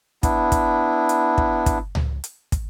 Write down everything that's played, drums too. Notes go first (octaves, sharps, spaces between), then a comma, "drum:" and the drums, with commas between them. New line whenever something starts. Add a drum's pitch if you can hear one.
B3 D4 E4, drum: kick, hi-hat
drum: kick, hi-hat
drum: hi-hat
drum: kick
drum: kick, hi-hat
drum: tom C#2
drum: hi-hat
drum: kick, hi-hat